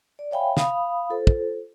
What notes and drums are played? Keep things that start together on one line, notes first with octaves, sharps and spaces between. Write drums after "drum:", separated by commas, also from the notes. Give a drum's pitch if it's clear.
D5
C#5 E5 F5 G5 G#5 B5
F5 B5 D#6, drum: snare
F4 A4 C5
drum: kick